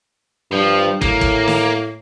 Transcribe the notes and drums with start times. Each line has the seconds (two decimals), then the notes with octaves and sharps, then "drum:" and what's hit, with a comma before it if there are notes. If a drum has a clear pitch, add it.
0.52 G2 F3
1.02 A2 A#3, drum: kick
1.21 drum: kick
1.47 drum: snare